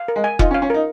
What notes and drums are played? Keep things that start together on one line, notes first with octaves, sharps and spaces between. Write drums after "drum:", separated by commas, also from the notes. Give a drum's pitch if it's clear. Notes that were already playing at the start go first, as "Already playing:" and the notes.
Already playing: F5
A#4
G#3
G#5
D#4 F4, drum: kick F1
C#4
F5
C#4
D#4 A#4